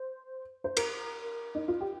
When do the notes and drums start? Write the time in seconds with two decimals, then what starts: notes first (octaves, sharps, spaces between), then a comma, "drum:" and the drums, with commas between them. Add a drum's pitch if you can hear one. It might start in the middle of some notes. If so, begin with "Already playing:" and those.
Already playing: C5
0.64 C5
0.77 A#4, drum: cymbal
1.55 D#4
1.68 F4
1.81 G4